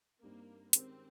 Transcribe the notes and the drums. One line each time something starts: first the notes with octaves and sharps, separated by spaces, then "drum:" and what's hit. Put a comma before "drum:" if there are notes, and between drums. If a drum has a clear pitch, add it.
G2 G3 A#3 C4 D#4 G4
D#3 G#3 C4 C#4 G4 A#4, drum: hi-hat